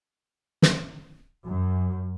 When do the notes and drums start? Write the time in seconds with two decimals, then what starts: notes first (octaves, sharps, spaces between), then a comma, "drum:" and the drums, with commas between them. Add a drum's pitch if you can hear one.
0.62 drum: snare
1.46 F#2